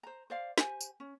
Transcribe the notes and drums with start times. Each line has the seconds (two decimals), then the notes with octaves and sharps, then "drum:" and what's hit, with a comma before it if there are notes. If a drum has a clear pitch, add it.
0.03 C5 A#5
0.30 C5 D5 F5
0.58 G4 C5 G#5, drum: snare
0.81 drum: tambourine
1.00 C#4